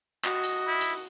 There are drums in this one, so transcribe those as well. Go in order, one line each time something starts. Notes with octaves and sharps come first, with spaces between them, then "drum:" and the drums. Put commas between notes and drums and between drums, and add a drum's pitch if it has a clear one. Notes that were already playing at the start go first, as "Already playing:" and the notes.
F#4 D#5, drum: clap
drum: hi-hat
E4
drum: hi-hat